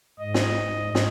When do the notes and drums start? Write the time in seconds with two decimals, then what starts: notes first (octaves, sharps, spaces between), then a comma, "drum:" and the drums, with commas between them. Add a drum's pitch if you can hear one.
0.19 G#2 D#5
0.34 drum: snare
0.95 drum: snare